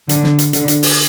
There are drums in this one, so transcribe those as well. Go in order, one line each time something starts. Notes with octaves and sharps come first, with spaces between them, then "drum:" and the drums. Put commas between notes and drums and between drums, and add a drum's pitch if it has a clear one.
D3, drum: hi-hat
drum: snare
drum: hi-hat
D3, drum: hi-hat
drum: hi-hat
drum: open hi-hat